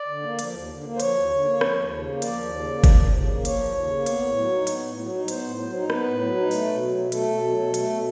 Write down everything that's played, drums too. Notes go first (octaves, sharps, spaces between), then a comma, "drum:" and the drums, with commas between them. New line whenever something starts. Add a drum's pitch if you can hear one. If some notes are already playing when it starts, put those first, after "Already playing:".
Already playing: D5
D3
A#3
F3, drum: hi-hat
D#2
D3
A#3
C5
F3 C#5, drum: hi-hat
D#2
D3
A#3
F3, drum: rim click
D#2
C#3
A#3
F3 D5, drum: hi-hat
D#2
C#3
A#3
F3, drum: kick G1, hi-hat
D#2
C#3
A#3
F3 C#5, drum: hi-hat
D#2
C#3
A#3
B3, drum: hi-hat
A2
F#3
D#4
B3, drum: hi-hat
A2
F#3
D#4
B3 C5, drum: hi-hat
A2
F#3
D#4
B3 B4, drum: rim click
A2
F#3
D#4
A3, drum: open hi-hat
B2
F#3
B2
A3 A4, drum: hi-hat
B2
F#3
B2
A3, drum: hi-hat
B2